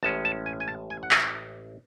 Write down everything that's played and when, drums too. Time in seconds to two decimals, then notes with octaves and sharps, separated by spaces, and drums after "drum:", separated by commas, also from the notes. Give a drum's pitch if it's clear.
0.03 A1 A2 G#3 C#4 A5
0.25 A5
0.46 G#5
0.60 G#5
0.68 A5
0.90 G#5
1.03 F#5
1.11 G#5, drum: clap